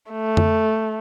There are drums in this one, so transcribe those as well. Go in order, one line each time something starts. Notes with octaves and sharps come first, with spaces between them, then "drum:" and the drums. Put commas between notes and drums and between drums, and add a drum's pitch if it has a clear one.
A3
drum: tom F2